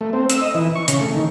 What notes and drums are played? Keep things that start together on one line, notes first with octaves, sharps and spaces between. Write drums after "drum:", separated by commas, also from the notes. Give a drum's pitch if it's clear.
A3
C4
E6, drum: hi-hat
D#5
E3
C#6
C#3, drum: hi-hat
A3
D#3